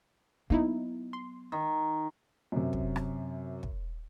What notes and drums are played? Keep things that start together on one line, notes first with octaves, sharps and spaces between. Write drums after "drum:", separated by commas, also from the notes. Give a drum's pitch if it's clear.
F#3 A#3 B3 D#4 E4
C6
D#3
F#2 C3
drum: kick
drum: rim click
drum: kick